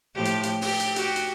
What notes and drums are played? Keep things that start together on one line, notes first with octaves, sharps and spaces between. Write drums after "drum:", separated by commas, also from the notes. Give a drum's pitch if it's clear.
A2 F3 G4
drum: hi-hat
drum: hi-hat
G4, drum: open hi-hat
drum: hi-hat
F#4 G4, drum: hi-hat
drum: hi-hat